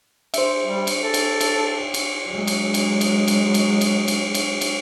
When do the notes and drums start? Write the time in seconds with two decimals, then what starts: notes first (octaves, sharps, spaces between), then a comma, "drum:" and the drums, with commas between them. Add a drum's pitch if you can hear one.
0.34 C5 E5, drum: cymbal
0.65 G3
0.87 drum: cymbal
1.01 A4
1.14 drum: cymbal
1.41 drum: cymbal
1.94 drum: cymbal
2.27 F#3 G#3
2.47 drum: cymbal
2.74 drum: cymbal
3.01 drum: cymbal
3.28 drum: cymbal
3.54 drum: cymbal
3.81 drum: cymbal
4.08 drum: cymbal
4.34 drum: cymbal
4.61 drum: cymbal